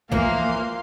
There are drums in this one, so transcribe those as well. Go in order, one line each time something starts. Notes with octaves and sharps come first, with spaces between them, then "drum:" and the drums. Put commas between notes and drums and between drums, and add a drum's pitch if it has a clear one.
E3 F3 A#3 F5 C6, drum: kick